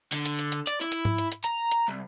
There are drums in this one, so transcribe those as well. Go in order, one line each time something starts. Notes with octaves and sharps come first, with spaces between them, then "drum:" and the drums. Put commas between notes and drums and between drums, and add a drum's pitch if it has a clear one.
D3, drum: hi-hat
drum: hi-hat
drum: hi-hat
drum: hi-hat
D5, drum: hi-hat
E4, drum: hi-hat
drum: hi-hat
drum: tom G#2
drum: hi-hat
drum: hi-hat
A#5, drum: hi-hat
drum: hi-hat
C2